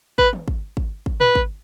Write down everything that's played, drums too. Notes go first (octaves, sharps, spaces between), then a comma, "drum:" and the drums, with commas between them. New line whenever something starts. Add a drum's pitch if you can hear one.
B4, drum: kick
drum: tom D#3
drum: kick
drum: kick
drum: kick
B4, drum: tom A2
drum: kick